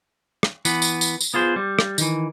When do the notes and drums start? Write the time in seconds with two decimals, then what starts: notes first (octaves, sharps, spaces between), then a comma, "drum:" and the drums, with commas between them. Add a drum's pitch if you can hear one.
0.43 drum: rim click
0.65 E3 B3 B4, drum: tambourine
0.82 drum: tambourine
1.01 drum: tambourine
1.21 drum: tambourine
1.34 B3 F4 G#4 C5
1.56 G3
1.79 drum: rim click
1.98 D#3 E3, drum: tambourine